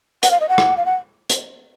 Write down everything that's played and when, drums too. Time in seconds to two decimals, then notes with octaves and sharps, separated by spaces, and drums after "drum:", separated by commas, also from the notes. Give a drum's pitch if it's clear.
0.23 F#5, drum: hi-hat
0.31 F5
0.40 D#5
0.49 F#5
0.58 drum: rim click
0.77 F5
0.85 F#5
1.30 drum: hi-hat